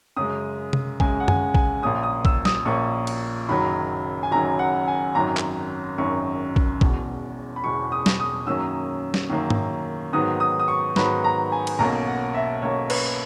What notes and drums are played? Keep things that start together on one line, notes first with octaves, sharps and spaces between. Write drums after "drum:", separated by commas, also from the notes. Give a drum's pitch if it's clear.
F#2 C#3 G#3 D#6
drum: tom C3
F#2 C#3 G#3 G#5, drum: kick A#1
F#5
G#5, drum: tom F#2
G#5, drum: kick A#1
A#1 A#2 A#3 C#4 D#6
D#6
E6, drum: kick A#1
D#6, drum: snare
A#1 A#2 A#3 C#4 C#6
drum: cymbal
F#1 F#2 D#3 F#3 B5
G#5
F#1 F#2 D#3 F#3 A#5
F#5
G#5
G#1 F#2 D#3 F#3 A#5
drum: clap
G#1 F#2 D#3 F#3 C#6
drum: kick A#1
E1 E2 B2, drum: kick A#1
B5
E1 E2 B2 C#6
D#6
drum: snare
D#6
F#2 D#3 F#3 A#3 C#4 E6
drum: snare
F#2 D#3 F#3 A#3 C#4
drum: tom G#2
G#2 D#3 F#3 B3 D#6
D#6
D#6
C#6
G#2 D#3 F#3 B3 B5, drum: snare
A#5
G#5
drum: cymbal
B1 B2 A#3 C#4 A#5
F#5
E5
B1 B2 A#3 C#4 C#5
B4, drum: cymbal